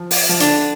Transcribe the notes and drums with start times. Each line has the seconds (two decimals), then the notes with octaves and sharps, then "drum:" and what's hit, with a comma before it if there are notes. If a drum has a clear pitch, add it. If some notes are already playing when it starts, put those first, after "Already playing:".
Already playing: F3
0.11 drum: open hi-hat
0.29 F3
0.40 D3 D4, drum: hi-hat